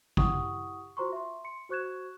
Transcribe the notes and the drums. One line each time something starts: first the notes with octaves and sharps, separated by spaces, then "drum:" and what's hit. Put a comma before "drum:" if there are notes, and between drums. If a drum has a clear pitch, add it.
E4 G4 F#5 C#6 D#6, drum: kick G#1
F4 F#4 C5 A#5 C6 C#6
E5 C6
C6 C#7
F#4 C5 C#6 F#6 G#6 E7